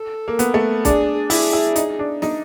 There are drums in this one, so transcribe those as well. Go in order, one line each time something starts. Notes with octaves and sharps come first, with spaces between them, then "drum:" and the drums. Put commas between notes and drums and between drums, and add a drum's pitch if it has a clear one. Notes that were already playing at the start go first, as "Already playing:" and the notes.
Already playing: A4
A#3
B3, drum: hi-hat
A3
D4 G#4, drum: kick, hi-hat
E4 G#4, drum: open hi-hat
E4
D#4, drum: hi-hat
D4
D#4, drum: snare